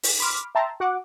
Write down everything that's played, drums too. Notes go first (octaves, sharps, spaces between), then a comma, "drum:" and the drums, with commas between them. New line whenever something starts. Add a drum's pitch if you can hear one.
drum: open hi-hat
B5 C6 D6 F6
E5 G5 A5 A#5 C6
F#4 F#5 D6